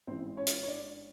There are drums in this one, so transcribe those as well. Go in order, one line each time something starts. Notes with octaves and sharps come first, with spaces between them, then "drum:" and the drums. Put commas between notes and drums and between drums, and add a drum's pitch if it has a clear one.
A1 G#2 E3 C4 C5
C#4 C#5
drum: hi-hat
C#5
D4 D5